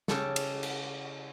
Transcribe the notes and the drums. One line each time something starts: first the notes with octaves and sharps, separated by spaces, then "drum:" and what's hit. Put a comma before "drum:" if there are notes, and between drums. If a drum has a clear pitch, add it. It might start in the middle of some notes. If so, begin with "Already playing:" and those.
C#3 G4 A4, drum: snare
drum: cymbal
drum: cymbal